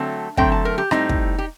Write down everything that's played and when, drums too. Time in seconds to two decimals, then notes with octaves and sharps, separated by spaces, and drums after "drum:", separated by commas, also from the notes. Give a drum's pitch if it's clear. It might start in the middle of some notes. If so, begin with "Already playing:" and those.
Already playing: D3 F#3 A3 C4 A5
0.37 D3 F#3 A3 C4 G5, drum: kick
0.52 A5
0.65 A#4
0.78 G4
0.91 A2 G3 C4 D#4, drum: rim click
1.09 drum: kick
1.38 G4